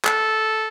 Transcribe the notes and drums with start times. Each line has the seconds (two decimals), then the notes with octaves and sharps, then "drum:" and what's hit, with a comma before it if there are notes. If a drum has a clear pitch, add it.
0.05 A4, drum: clap